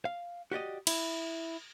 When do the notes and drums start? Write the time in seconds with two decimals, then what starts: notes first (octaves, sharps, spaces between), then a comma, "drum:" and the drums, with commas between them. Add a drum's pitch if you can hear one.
0.05 F5
0.51 F#4 G4 D5 D#5
0.87 E4, drum: cymbal